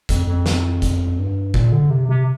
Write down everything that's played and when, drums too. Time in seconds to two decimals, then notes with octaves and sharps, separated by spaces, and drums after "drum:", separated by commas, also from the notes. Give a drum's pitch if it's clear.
0.09 F2, drum: kick, hi-hat
0.27 F2
0.46 drum: snare
0.82 drum: kick, hi-hat
1.19 G2
1.54 A#2, drum: kick
1.72 D3
1.90 C3
2.09 C3